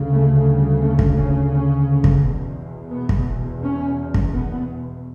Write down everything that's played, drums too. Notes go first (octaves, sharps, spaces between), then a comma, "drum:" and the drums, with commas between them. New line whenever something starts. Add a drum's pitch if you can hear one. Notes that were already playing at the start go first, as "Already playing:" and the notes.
Already playing: D2 C#3
A3
G3
A3
drum: kick
C#4
C#4
drum: kick
E2 B2
B3
drum: kick
C#4
drum: kick
B3